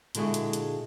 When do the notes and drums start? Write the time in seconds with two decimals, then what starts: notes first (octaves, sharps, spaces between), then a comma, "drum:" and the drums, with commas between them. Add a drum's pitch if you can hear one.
0.15 A#2 D3 G#3 E4 F#4 G#4, drum: hi-hat
0.34 drum: hi-hat
0.53 drum: hi-hat